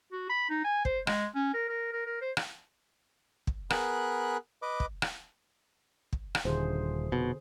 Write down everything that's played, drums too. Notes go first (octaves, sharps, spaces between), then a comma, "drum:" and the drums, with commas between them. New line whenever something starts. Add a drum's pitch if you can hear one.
F#4
B5
D#4
G#5
C5, drum: kick
G#3, drum: rim click
C#4
A#4
A#4
A#4
A#4
C5
drum: rim click
drum: kick
B3 G#4 A#4 B5 F#6, drum: rim click
B4 D#5 D6
drum: kick
drum: rim click
drum: kick
drum: rim click
D#1 D3 G#4 C5
F1 B2